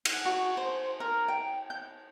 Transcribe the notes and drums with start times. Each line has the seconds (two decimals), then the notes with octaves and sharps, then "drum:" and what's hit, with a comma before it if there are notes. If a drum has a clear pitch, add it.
0.05 F#5, drum: cymbal
0.25 F#4
0.57 C5
1.00 A#4
1.28 G5
1.70 G6